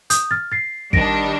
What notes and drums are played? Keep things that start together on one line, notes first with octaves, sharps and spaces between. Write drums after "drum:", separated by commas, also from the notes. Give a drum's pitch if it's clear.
D#6 G6, drum: hi-hat
F6 A6
A6 C7
D#3 G3 D4 A#6 D7, drum: kick